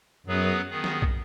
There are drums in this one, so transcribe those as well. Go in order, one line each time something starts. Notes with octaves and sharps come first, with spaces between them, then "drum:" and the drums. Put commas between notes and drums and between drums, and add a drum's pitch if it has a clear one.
F#2 F#3 B3 G#4 B4
D#3 B3 G#4
drum: snare
drum: kick